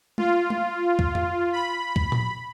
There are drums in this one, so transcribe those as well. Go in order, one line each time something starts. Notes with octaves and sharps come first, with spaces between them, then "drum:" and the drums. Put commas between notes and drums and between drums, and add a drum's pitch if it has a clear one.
F4, drum: tom G#3
drum: tom G#3
drum: kick
drum: tom F2
B5
drum: kick
drum: tom A#2